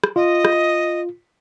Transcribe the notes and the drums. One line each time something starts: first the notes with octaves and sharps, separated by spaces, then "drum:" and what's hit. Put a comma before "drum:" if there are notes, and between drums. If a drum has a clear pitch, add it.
drum: rim click
F4 D#5
drum: rim click